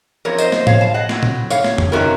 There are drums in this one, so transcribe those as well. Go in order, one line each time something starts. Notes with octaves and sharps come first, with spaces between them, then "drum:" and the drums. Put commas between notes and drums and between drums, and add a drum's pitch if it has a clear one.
F#2 F3 C4 A#4 C#5
C5 D#5, drum: tambourine
C5 D#5, drum: snare
C#5 F5, drum: tom A2
F5 A5
D#5 F#5
A2 F#3 C4, drum: snare
drum: tom A#2
C#5 F5, drum: tambourine
drum: snare
drum: tom F2
C3 D#3 F#3 A3 C#4 F#4 A#4